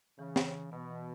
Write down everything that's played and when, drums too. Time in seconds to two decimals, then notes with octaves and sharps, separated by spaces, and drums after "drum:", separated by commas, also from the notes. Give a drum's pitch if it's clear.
0.18 C#3 E3
0.36 E3, drum: snare
0.54 E3
0.72 B2 B3
0.90 E3